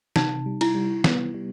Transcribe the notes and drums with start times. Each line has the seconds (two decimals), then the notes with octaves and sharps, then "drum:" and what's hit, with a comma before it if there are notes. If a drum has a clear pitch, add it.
0.16 C3 D#4, drum: snare
0.46 G3
0.61 E4, drum: cymbal
0.75 G3
1.04 B3, drum: snare
1.34 G3